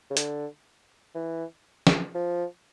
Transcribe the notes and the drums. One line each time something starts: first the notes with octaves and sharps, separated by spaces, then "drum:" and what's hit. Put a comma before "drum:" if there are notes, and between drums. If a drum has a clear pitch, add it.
C#3
D3, drum: hi-hat
E3
drum: snare
F3